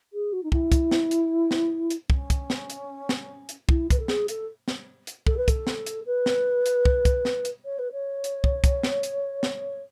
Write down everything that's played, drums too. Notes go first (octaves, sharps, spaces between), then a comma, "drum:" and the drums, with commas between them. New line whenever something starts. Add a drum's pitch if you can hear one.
G#4
F#4
D#4
E4, drum: kick
drum: kick, hi-hat
drum: snare
drum: hi-hat
drum: snare
drum: hi-hat
C#4, drum: kick
drum: kick, hi-hat
drum: snare
drum: hi-hat
drum: snare
drum: hi-hat
E4, drum: kick
B4, drum: kick, hi-hat
A4
G#4, drum: snare
A4, drum: hi-hat
drum: snare
drum: hi-hat
A4, drum: kick
B4
A4, drum: kick, hi-hat
drum: snare
drum: hi-hat
B4
drum: snare
drum: hi-hat
drum: kick
drum: kick, hi-hat
drum: snare
drum: hi-hat
C#5
B4
C#5
drum: hi-hat
drum: kick
drum: kick, hi-hat
drum: snare
drum: hi-hat
drum: snare